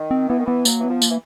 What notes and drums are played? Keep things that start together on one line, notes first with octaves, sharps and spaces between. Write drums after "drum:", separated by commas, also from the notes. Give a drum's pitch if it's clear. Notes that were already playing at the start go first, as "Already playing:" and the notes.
Already playing: D#3
C4
E3 B3
D#3
E3 B3
F#3 A#3, drum: tambourine
E3 B3
F3
A#3, drum: tambourine
E3